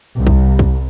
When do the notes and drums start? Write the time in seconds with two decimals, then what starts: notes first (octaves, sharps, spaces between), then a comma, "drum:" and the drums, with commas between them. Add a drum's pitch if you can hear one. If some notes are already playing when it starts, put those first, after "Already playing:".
0.17 C2
0.27 drum: kick
0.59 drum: kick